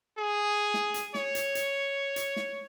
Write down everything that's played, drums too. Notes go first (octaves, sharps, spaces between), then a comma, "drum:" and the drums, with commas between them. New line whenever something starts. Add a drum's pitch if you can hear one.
G#4
drum: snare
drum: hi-hat
C#5, drum: snare
drum: hi-hat
drum: hi-hat
drum: hi-hat
drum: snare